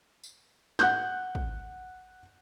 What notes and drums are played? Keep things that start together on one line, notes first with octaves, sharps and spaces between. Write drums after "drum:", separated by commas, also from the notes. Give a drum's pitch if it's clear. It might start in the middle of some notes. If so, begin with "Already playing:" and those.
drum: tambourine
F#5 F#6 G6, drum: snare
drum: kick